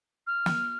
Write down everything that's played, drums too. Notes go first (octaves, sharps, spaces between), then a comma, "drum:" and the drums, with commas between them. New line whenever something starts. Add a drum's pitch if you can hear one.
F6
drum: snare